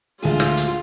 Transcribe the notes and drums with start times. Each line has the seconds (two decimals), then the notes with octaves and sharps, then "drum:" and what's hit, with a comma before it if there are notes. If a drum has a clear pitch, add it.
0.22 D2 G#3 F4, drum: open hi-hat
0.40 drum: snare
0.57 drum: hi-hat